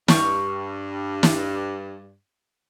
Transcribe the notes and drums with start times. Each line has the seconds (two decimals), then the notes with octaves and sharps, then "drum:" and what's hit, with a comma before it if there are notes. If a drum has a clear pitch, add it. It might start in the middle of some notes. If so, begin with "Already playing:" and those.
0.08 G2 G4 C#6 F6, drum: snare
1.23 drum: snare